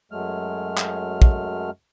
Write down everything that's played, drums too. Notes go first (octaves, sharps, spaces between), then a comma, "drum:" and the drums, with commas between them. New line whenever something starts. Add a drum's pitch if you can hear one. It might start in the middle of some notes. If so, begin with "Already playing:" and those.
F#2 F#3 G#3 A3 F6
drum: clap
drum: kick